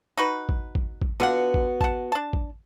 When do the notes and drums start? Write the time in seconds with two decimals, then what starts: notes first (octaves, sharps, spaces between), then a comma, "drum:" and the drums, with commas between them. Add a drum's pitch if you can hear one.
0.17 D#4 F#4 B4
0.49 drum: kick A1
0.75 drum: kick A1
1.02 drum: kick A1
1.20 D3 B3 F4 F#4 F#5
1.54 drum: kick A1
1.81 F#5 A5, drum: kick A1
2.12 D4 A5
2.33 drum: kick A1